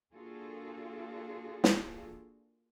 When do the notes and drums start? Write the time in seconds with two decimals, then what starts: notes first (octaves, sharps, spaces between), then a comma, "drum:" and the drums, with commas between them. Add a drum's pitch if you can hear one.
0.13 A#3 D4 F4 F#4 G#4 A4
1.64 drum: snare